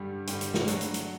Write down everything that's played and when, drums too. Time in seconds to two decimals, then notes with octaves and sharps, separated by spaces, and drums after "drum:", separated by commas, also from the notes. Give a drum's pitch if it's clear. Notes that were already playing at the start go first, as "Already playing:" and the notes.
Already playing: G2 D3 G3
0.27 G2 D3 G3, drum: hi-hat
0.41 drum: hi-hat
0.54 drum: snare
0.68 F#3 A3 D4 F#4, drum: hi-hat
0.81 drum: hi-hat
0.94 drum: hi-hat